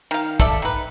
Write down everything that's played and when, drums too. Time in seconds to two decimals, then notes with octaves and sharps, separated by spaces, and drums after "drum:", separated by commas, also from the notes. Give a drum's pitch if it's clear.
0.11 D#3 F5
0.40 A4 D5 E5, drum: kick, hi-hat
0.62 D#3 B4